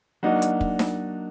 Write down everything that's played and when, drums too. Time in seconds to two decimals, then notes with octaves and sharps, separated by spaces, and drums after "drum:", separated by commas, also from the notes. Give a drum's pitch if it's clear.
0.23 F#3 A#3 D4 D#4 F#4
0.42 drum: hi-hat
0.61 drum: kick
0.79 drum: snare D#4